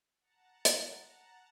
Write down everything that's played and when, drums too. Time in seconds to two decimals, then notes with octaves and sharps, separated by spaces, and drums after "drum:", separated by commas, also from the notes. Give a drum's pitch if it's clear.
0.21 F#5 A5 A#5
0.65 drum: hi-hat